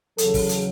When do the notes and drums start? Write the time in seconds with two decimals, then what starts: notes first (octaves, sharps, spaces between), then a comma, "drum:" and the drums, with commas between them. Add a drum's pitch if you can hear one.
0.18 E2 C#3 F#3 A4, drum: hi-hat
0.34 drum: kick, open hi-hat
0.49 drum: hi-hat